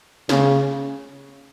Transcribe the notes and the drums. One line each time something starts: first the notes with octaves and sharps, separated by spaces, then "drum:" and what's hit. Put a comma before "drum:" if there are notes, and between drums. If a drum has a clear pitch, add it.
C#3, drum: snare